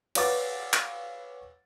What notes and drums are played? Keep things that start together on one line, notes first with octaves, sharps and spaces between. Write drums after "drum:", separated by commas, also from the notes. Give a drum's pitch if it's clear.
B4 C#5 F5 F#5 D6 A6, drum: cymbal
drum: clap